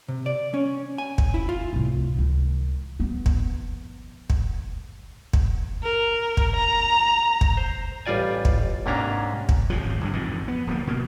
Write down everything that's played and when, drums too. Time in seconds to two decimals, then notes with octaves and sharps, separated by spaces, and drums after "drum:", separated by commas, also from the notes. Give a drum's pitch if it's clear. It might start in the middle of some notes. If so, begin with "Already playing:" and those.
0.08 C3
0.26 D5
0.54 C#4
0.98 G#5
1.18 drum: kick
1.34 E4
1.49 F4
1.73 C2 A2
2.17 C#2 D#3
2.99 F3 B3
3.26 drum: kick
4.30 drum: kick
5.33 drum: kick
5.83 A#4
6.37 drum: kick
6.56 A#5
7.41 drum: kick
7.57 C5
8.06 A1 G3 F4 D5 G#5
8.45 drum: kick
8.86 G#2 C3 A#3 C#4 D4 A#5
9.49 drum: kick
9.70 G#1 A2 F3
10.01 C2 G2 D3
10.13 A1 F2 G#2 D#3
10.48 B3
10.67 D1 F3 A#3
10.87 B2 A#3